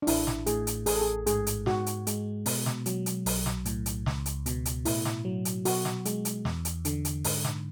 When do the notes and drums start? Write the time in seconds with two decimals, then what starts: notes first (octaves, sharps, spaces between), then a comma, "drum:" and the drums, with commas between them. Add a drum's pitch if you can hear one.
0.02 D4
0.07 A1 E4, drum: open hi-hat
0.27 drum: snare
0.46 A2 G#4, drum: hi-hat
0.67 drum: hi-hat
0.86 A1 G#4, drum: open hi-hat
0.95 A4
1.01 G#4
1.27 G#2 G#4, drum: hi-hat
1.47 drum: hi-hat
1.66 G#2 F#4, drum: snare
1.86 drum: hi-hat
2.07 G#3, drum: hi-hat
2.46 B2, drum: open hi-hat
2.66 drum: snare
2.86 F#3, drum: hi-hat
3.06 drum: hi-hat
3.26 B1, drum: open hi-hat
3.46 drum: snare
3.65 A2, drum: hi-hat
3.86 drum: hi-hat
4.06 C#2, drum: snare
4.26 drum: hi-hat
4.46 B2, drum: hi-hat
4.65 drum: hi-hat
4.85 A2 E4, drum: open hi-hat
5.05 drum: snare
5.25 F#3
5.45 drum: hi-hat
5.65 B2 F#4, drum: open hi-hat
5.85 drum: snare
6.05 G#3, drum: hi-hat
6.25 drum: hi-hat
6.45 E2, drum: snare
6.65 drum: hi-hat
6.85 D3, drum: hi-hat
7.05 drum: hi-hat
7.24 G#2, drum: open hi-hat
7.45 drum: snare